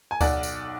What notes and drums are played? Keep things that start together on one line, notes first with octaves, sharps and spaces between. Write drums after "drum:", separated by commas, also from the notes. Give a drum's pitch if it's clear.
G#5
B1 D5 F#5, drum: kick D2, tambourine
drum: tambourine